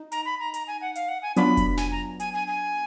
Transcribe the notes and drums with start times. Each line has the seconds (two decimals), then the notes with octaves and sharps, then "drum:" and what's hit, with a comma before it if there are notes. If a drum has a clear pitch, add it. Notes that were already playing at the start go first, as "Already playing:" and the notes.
Already playing: D#4
0.12 A#5, drum: hi-hat
0.25 B5
0.40 A#5
0.54 A#5, drum: hi-hat
0.68 G#5
0.81 F#5
0.95 F5, drum: hi-hat
1.09 F#5
1.22 G#5
1.36 F#3 B3 D4 F4 B5, drum: hi-hat
1.57 drum: kick F1, hi-hat
1.77 G#5, drum: snare
1.92 A#5
2.20 G#5, drum: hi-hat
2.34 G#5
2.47 G#5